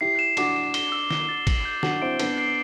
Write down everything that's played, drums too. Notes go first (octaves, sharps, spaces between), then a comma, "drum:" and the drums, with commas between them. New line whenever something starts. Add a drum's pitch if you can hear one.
E4 G4 C7
E7
D4 F#4 D6, drum: cymbal
E7
G7, drum: cymbal
E6
G7, drum: snare
A6
F#7, drum: kick, cymbal
G6
D4 F#4 F#7, drum: snare
C4 E4 D7
B3 D4 C7, drum: cymbal
C7